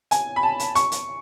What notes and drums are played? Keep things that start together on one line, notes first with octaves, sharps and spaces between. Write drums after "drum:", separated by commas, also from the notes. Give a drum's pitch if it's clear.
G#5, drum: hi-hat
B5
A5
drum: hi-hat
C#6, drum: hi-hat
drum: hi-hat